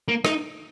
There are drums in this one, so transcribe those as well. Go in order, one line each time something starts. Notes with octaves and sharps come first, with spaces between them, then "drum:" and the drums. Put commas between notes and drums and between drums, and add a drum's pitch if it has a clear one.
A#3
D#4, drum: rim click